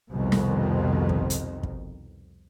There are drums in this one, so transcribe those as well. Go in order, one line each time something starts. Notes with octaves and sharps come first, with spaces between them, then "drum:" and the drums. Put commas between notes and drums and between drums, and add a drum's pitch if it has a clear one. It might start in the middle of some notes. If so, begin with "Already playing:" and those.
C2 F2 B2 D#3
drum: snare
drum: kick
drum: hi-hat
drum: kick